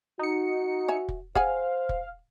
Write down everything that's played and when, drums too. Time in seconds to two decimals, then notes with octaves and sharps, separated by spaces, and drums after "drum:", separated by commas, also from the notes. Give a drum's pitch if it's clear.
0.19 D#4 F#4 C#7
0.88 C#5 E5 G#5
1.09 drum: kick
1.35 G#4 C5 F5 F#5 G#5, drum: kick
1.89 drum: kick